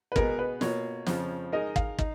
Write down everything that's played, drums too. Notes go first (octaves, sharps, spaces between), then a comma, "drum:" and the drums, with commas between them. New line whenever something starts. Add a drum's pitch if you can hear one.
B4
B2 G#3 B3 A#4, drum: kick
B4
B2 A#3 F4 C#5, drum: snare
F2 C#3 F3, drum: snare
G#3 D#4 A#4 D#5
F5, drum: kick
D#4, drum: kick